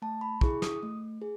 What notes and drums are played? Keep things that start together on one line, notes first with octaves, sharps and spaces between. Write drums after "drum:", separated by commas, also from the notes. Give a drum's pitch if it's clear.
A3 A5
B5
E4 G#4 C#6, drum: kick
D#6, drum: snare
A3
G#4